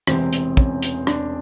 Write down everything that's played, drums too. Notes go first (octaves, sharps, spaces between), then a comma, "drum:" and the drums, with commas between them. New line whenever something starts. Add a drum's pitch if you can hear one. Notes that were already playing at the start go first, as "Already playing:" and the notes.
E1 E2 C3 C4, drum: rim click
drum: hi-hat
C#4, drum: kick
drum: hi-hat
D4, drum: rim click